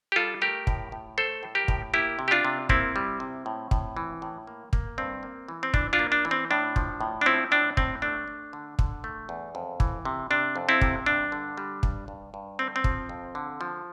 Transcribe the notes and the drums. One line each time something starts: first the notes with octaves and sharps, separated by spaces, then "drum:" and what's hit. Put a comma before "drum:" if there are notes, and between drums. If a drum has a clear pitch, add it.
G4
G3 F4 A4
A3 G4 A#4
A2, drum: kick
A2
A3 A4 C5
A2
G4 A#4
A2, drum: kick
A#3 E4 G4
C3
G4
D4 F4
C3
A#3 C4 E4, drum: kick
G3
C3
A2
A2, drum: kick
E3
A2
A#3
A#3, drum: kick
G2 C4
A#3
E3
C4
E3 D4, drum: kick
D4 F4
A#3
D4
E3
C4
A2 D4
F3, drum: kick
A2
D4
F3 C4 E4
A2 D4
A2 C4, drum: kick
A3 D4
A3
D3
D3, drum: kick
A3
E2
F2
E3, drum: kick
C3
C3 D4
F2
C4 E4
C3, drum: kick
G2 D4
D3
G3
G2, drum: kick
G2
G2
D3 C4
C4
F3, drum: kick
F2
D3
F3